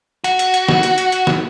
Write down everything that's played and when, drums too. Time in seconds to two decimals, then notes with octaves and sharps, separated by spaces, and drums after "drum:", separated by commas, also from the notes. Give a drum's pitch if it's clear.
0.24 F#4, drum: hi-hat
0.39 drum: hi-hat
0.54 drum: hi-hat
0.68 drum: snare
0.83 drum: hi-hat
0.98 drum: hi-hat
1.12 drum: hi-hat
1.27 drum: snare